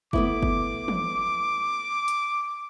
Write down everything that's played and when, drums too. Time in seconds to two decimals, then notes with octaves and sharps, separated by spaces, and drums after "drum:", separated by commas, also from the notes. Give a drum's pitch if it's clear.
0.13 A3 B3 E4 D6, drum: kick G1
0.43 drum: kick G1
0.88 drum: tom
2.08 drum: hi-hat